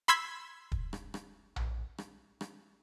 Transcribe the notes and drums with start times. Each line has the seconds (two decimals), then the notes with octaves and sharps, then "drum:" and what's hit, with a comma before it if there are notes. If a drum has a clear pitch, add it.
0.08 B5 C6 E6 G#6 B6
0.72 drum: kick
0.93 drum: rim click
1.14 drum: rim click
1.56 drum: tom A#1
1.98 drum: rim click
2.41 drum: rim click